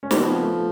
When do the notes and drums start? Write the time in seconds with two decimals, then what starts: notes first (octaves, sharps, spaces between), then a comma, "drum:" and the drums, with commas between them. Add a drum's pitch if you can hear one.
0.03 C#4
0.11 C4, drum: snare
0.17 F3 B3
0.41 A3